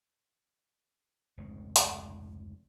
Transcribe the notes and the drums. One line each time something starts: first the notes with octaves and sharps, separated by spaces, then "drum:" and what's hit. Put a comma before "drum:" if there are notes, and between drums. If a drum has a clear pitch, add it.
F1 C#2 G#2
drum: hi-hat